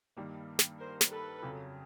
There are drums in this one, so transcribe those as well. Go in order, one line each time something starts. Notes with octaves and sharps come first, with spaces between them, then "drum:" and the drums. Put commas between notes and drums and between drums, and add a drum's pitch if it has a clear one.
G2 D#3 G3 A#3
drum: snare
A#4 C5
drum: snare
A4 B4
F2 C#3 F#3